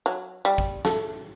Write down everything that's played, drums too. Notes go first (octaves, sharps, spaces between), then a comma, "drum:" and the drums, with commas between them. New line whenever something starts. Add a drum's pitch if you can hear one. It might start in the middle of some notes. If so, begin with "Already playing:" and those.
F#3
G3
drum: kick
A3, drum: snare